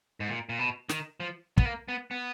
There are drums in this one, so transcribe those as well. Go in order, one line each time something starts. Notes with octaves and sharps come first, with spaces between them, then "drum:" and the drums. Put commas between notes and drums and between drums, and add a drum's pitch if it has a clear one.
G#2
A#2
A#2
B2
D#3, drum: snare
F3
B3, drum: kick
A#3
B3
B3